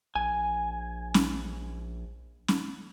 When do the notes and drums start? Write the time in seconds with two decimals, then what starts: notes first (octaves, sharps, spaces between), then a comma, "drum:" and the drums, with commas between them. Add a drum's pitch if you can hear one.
0.15 A#1 G#5
1.14 drum: snare C#4
2.48 drum: snare C#4